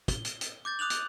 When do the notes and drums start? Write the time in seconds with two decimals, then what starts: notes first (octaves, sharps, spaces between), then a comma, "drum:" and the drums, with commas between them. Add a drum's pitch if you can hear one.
0.08 G7, drum: kick, hi-hat
0.25 drum: hi-hat
0.41 drum: hi-hat
0.65 D6 G6 A6
0.79 D6 D#6 F#6 F7 F#7
0.90 drum: hi-hat